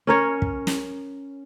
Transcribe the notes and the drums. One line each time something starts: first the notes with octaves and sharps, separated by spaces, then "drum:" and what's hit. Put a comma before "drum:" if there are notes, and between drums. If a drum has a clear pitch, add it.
C#4 A#4 C#5
drum: kick
drum: snare